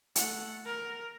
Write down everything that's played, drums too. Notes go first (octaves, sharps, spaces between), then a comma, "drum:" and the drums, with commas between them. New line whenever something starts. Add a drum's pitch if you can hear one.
A3 F#5, drum: hi-hat
A#4